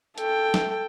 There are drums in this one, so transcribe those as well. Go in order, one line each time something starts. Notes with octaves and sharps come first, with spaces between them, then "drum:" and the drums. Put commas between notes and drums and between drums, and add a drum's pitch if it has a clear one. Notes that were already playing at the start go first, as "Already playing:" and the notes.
A4 G5, drum: hi-hat
drum: snare